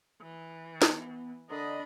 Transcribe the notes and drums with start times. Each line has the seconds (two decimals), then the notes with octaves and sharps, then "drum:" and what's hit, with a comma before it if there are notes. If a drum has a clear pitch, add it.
0.22 E3
0.82 B3, drum: snare
1.50 D3 D4 A#4 D#5 B5